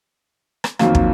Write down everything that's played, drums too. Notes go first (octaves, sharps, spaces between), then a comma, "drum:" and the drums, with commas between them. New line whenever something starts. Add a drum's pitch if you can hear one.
drum: rim click
F2 D#3 F#3 A#3 F4, drum: rim click
drum: kick